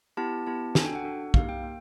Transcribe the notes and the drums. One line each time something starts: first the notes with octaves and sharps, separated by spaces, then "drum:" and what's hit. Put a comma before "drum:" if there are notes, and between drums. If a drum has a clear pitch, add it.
B3 E4 G4 A5
B3 E4 G4 A5
D4 F#4 A4 G#5, drum: snare
G5
F#5
D4 F#4 A4
A#3 D#4 G4 F5, drum: kick
G5
A#3